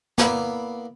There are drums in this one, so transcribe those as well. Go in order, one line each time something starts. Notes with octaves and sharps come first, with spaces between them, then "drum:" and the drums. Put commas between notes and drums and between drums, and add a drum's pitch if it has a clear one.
A#3 B3 E4 D5 A#5, drum: snare